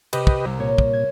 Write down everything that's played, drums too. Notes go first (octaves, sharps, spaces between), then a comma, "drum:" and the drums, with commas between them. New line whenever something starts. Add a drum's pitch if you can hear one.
C3 G4 B4 D#5 D6, drum: cymbal
drum: kick
C2 A#4
A#2 C#5
drum: kick
G#6